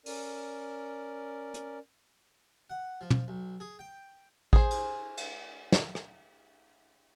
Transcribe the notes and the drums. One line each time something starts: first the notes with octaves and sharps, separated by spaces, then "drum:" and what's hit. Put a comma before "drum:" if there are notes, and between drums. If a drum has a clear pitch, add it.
C#4 A#4 D5, drum: open hi-hat
drum: hi-hat
F#5
F3
drum: tom
B1
G#4
G5
G#4 C5, drum: kick A1
drum: cymbal
drum: cymbal
drum: snare
drum: rim click